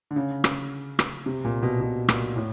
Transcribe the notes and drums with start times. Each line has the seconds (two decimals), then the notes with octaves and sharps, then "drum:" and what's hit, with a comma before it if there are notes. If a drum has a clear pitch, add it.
0.11 D3
0.16 C#3
0.44 drum: rim click
0.99 drum: rim click
1.26 C3
1.45 A#2
1.63 B2
1.81 B2
2.08 A#2, drum: rim click
2.36 A2